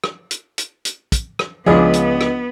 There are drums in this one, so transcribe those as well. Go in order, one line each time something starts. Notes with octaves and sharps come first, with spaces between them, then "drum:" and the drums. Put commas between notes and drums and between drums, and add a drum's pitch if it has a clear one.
drum: rim click
drum: hi-hat
drum: hi-hat
drum: hi-hat
drum: kick, hi-hat
drum: rim click
C#2 F3 B3 D4 G#4 D#5
drum: hi-hat
drum: rim click